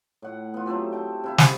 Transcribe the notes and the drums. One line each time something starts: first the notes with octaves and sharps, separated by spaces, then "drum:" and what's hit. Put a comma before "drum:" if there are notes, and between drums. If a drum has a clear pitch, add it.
A2 F#5
B3 F4
F#3 A3 C4 G4
G5 A5
C3 E4 F5
D#5 B5, drum: snare